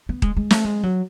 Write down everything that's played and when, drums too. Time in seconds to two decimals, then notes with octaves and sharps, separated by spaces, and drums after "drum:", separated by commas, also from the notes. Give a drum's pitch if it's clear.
0.09 B3
0.22 G#3, drum: kick D#1
0.37 G#3
0.51 A3, drum: snare
0.65 G#3
0.83 F#3